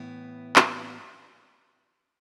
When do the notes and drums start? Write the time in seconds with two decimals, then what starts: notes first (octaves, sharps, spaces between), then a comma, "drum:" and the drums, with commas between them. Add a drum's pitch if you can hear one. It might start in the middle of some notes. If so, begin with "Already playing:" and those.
Already playing: A2 E3 B3 E4
0.56 E4, drum: clap